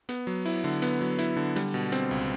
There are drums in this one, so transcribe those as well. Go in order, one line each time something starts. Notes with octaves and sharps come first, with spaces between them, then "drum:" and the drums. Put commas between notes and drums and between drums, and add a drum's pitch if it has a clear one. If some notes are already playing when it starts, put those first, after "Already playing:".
B3, drum: hi-hat
F#3
E4, drum: open hi-hat
D3
B3, drum: hi-hat
F#3
E4, drum: hi-hat
D3
G3, drum: hi-hat
B2
C4, drum: hi-hat
C#2